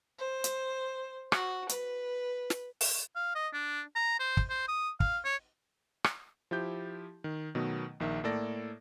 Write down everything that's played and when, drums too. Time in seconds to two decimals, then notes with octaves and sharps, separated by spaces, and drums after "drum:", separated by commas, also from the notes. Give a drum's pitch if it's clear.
0.19 C5
0.44 drum: hi-hat
1.32 F#4, drum: rim click
1.69 B4, drum: hi-hat
2.50 drum: snare
2.81 drum: open hi-hat
3.16 F5
3.35 D#5
3.54 D4
3.96 A#5
4.20 C5
4.37 drum: kick
4.50 C5
4.68 D#6
5.00 F5, drum: kick
5.25 C#5
6.04 drum: rim click
6.51 F3 E4 G4 G6
7.24 D#3
7.55 B2 D#3 F#3 A3 B3
8.00 A#1 D#3 E5
8.24 A2 A#3 A4 D5 A#6